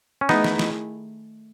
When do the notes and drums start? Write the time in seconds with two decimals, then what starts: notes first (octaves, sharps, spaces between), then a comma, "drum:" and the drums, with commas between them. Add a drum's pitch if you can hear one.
0.21 C#4
0.29 D#3 A3 B3 D#4 E4 G#4, drum: snare
0.44 drum: snare
0.59 drum: snare